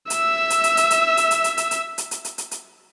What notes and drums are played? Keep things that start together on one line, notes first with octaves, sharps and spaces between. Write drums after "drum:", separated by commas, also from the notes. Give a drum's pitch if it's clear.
E5 E6, drum: hi-hat
drum: hi-hat
drum: hi-hat
drum: hi-hat
drum: hi-hat
drum: hi-hat
drum: hi-hat
drum: hi-hat
drum: hi-hat
drum: hi-hat
drum: hi-hat
drum: hi-hat
drum: hi-hat
drum: hi-hat
drum: hi-hat